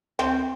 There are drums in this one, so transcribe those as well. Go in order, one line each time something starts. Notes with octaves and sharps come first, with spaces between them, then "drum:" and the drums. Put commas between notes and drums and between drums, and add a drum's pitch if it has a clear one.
C4, drum: rim click